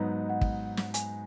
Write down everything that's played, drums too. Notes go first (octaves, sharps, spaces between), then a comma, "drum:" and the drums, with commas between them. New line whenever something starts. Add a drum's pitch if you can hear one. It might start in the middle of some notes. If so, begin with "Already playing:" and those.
Already playing: G#2 F#3 B3 D#4 D#5
F#5
drum: kick
drum: snare
G#5, drum: hi-hat